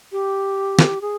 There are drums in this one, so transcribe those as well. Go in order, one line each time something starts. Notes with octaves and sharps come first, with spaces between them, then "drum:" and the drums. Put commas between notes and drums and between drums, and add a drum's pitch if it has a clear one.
G4
drum: snare
G#4